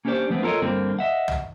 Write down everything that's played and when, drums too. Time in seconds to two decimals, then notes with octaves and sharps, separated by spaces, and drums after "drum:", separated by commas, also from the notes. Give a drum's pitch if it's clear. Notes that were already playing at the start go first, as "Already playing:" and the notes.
0.05 A#3 C#4 D4 G4 C5 D5
0.30 F3 A3 B3 C4 D4
0.43 F4 A4 A#4 C5 C#5 D#5
0.62 G2 D3 A#3 C4
0.99 D#5 E5 F#5
1.28 drum: tom B1